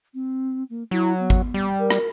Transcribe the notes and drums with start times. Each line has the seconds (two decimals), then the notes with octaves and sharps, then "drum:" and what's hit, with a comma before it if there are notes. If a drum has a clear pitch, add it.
0.14 C4
0.70 A#3
0.91 F#3 E4
1.19 B3
1.30 drum: kick G#1
1.54 G3
1.79 A#4
1.90 drum: rim click